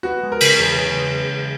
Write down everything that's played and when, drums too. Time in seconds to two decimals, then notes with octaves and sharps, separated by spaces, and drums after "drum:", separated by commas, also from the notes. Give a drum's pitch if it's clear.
0.03 B3 F#4
0.22 G#3
0.32 A#4
0.40 C#3, drum: cymbal
0.58 E2
0.77 C#3
0.96 G#3